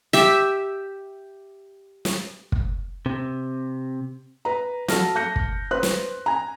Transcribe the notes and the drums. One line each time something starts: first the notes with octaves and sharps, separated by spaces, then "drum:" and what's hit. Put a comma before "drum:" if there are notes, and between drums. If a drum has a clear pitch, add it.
G4 E5, drum: snare
drum: snare
drum: kick
C3
B4 A#5
F#3 A4 A5 F6 A#6, drum: snare
A5 F#6 G6 A#6 C#7
drum: kick
B4 C5 C6 F#6
drum: snare
G#5 A#5